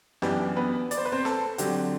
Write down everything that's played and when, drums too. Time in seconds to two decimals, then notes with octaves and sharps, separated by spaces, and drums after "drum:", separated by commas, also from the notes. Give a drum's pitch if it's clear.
0.22 F#2 E3 B3 D4 G4, drum: snare
0.56 B3 B4
0.91 D5, drum: hi-hat
0.97 C5
1.05 B4
1.12 C4 C5
1.25 A4, drum: snare
1.58 D3 F#3 C4 G4, drum: hi-hat